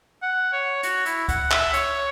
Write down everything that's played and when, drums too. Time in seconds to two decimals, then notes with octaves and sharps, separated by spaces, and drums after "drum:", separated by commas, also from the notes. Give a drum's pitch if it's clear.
0.22 F#5
0.53 C#5
0.83 F#4, drum: hi-hat
1.06 E4, drum: hi-hat
1.29 F#5, drum: kick C#2, hi-hat
1.51 E5, drum: clap
1.74 C#5, drum: hi-hat